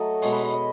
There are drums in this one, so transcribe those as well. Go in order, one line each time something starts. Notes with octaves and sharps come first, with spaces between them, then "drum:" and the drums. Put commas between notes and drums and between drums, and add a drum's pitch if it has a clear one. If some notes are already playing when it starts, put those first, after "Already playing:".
Already playing: F#3 A3 A4 D#5
B2 G#3 C#5, drum: open hi-hat
B4
D#5
D#5